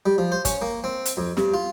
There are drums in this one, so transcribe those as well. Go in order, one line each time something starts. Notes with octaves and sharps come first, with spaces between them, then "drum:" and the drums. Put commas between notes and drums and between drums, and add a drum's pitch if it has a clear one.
G3
F3
C5
C#4, drum: kick G1, hi-hat
A#3
C4
drum: hi-hat
F2
G2, drum: snare
F4